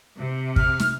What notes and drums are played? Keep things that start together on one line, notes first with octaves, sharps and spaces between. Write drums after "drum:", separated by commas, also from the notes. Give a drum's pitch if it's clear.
C3
F6, drum: kick
drum: snare